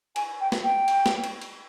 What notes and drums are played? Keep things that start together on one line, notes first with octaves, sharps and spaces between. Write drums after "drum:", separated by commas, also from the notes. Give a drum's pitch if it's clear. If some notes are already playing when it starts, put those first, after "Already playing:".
G#5, drum: cymbal
G5
drum: snare
G5
drum: cymbal
drum: snare
drum: cymbal
drum: cymbal